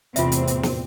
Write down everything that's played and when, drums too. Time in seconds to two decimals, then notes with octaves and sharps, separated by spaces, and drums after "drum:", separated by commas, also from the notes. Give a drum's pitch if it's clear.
0.16 E2 A2 C3 C4 F4 E5, drum: hi-hat
0.32 drum: hi-hat
0.47 drum: hi-hat
0.63 drum: snare